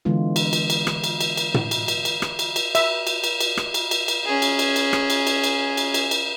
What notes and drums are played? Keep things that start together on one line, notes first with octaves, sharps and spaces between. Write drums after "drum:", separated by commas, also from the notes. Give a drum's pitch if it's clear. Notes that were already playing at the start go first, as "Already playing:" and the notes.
D3 E3 G#3 B3 F4
drum: cymbal
drum: cymbal
drum: cymbal
drum: rim click
drum: cymbal
drum: cymbal
drum: cymbal
drum: tom
drum: cymbal
drum: cymbal
drum: cymbal
drum: rim click
drum: cymbal
drum: cymbal
E5, drum: cymbal
drum: cymbal
drum: cymbal
drum: cymbal
drum: rim click
drum: cymbal
drum: cymbal
drum: cymbal
C#4 G#4
drum: cymbal
drum: cymbal
drum: cymbal
drum: rim click
drum: cymbal
drum: cymbal
drum: cymbal
drum: cymbal
drum: cymbal
drum: cymbal